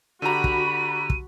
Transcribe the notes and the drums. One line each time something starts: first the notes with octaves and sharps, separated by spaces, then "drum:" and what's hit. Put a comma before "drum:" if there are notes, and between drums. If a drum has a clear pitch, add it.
D3 F#4 G4 A#5 B5 D#7
drum: kick
drum: kick